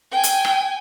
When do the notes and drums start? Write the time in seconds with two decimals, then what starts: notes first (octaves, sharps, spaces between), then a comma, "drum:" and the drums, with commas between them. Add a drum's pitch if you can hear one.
0.12 G5 G#5
0.23 drum: hi-hat
0.45 drum: rim click